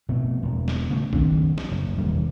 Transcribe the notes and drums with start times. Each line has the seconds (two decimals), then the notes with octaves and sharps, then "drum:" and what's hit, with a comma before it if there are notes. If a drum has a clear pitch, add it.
0.09 F1 B2 A3
0.43 E1
0.68 drum: snare
0.90 C#3 A3
1.13 F#1 D#3 C4 D4, drum: kick
1.58 drum: snare
1.71 F#1
1.98 E1 D#2 G3